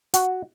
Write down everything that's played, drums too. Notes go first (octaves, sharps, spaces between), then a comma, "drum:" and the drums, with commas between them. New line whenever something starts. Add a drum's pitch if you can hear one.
F#4, drum: hi-hat